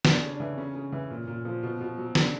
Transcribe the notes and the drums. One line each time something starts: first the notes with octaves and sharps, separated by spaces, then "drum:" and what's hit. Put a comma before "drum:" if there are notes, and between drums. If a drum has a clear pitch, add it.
C#3 D4, drum: snare
C#3 C#4
D4
E3
C#3 C#4
C#3
E3
A#2
A#2
F3
B2
B2
F#3
C#3 D4, drum: snare